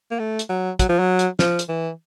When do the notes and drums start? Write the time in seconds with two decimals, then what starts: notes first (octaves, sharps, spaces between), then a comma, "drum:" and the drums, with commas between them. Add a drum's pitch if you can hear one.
0.11 A#3
0.19 A3
0.39 drum: hi-hat
0.49 F#3
0.79 F#3, drum: kick, hi-hat
0.89 F3
0.99 F#3
1.19 drum: hi-hat
1.39 F3, drum: snare
1.59 drum: hi-hat
1.69 E3